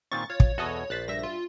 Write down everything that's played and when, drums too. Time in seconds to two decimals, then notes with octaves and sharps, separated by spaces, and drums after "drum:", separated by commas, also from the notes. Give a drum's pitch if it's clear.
0.11 A#2 D#3 C4 C#6 A6
0.30 F4 C#5
0.40 drum: kick
0.58 E2 B2 F#4 A4 D#5
0.90 A#1 C5 F#6 A6 B6
1.08 G2 G3 E5 A#6
1.23 F4